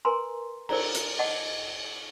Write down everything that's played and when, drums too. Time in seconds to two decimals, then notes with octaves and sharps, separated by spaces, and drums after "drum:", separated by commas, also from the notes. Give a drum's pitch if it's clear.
0.05 A#4 B4 G#5 A#5 C6
0.69 A#4 C5 D5 A#5, drum: cymbal
0.94 drum: hi-hat
1.19 D#5 F#5 A5 D6